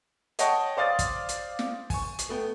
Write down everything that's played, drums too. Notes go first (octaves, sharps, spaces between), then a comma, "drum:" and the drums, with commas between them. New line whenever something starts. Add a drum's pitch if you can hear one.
C#5 D#5 F#5 G5 A5 C#6, drum: hi-hat
C5 D5 F5 D#6 A6
drum: kick, hi-hat
drum: hi-hat
drum: snare
G#5 C#6, drum: kick, open hi-hat
drum: hi-hat
A3 B3 G5